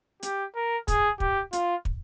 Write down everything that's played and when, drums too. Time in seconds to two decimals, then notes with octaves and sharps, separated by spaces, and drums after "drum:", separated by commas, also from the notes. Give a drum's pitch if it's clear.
0.23 G4, drum: hi-hat
0.55 A#4
0.88 G#4, drum: kick, hi-hat
1.20 G4, drum: kick
1.53 F4, drum: hi-hat
1.85 drum: kick